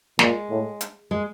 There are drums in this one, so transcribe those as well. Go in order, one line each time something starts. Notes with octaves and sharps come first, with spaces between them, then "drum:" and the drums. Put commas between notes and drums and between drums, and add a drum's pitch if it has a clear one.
A#2 G#3, drum: snare
A2
drum: hi-hat
G#3